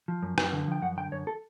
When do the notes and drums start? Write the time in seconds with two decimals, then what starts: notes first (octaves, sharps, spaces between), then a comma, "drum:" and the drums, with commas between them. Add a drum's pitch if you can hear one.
0.08 F3
0.23 F#2
0.38 F#2, drum: rim click
0.53 D3
0.68 F3 G5
0.82 F#2 F#5
0.97 D3 G5
1.12 F#2 C#5
1.27 A4